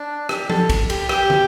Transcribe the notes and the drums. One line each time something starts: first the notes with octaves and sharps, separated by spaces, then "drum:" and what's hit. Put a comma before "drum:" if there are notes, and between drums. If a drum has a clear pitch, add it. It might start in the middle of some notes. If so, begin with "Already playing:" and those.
Already playing: D4
G4, drum: rim click
A4, drum: tom F3
drum: kick, cymbal
G4, drum: cymbal
G4, drum: rim click
drum: tom